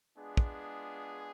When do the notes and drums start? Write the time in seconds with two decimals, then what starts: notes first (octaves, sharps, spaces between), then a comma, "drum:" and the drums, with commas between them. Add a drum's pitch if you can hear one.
0.17 G#3 B3 D4 F4 G#4
0.37 drum: kick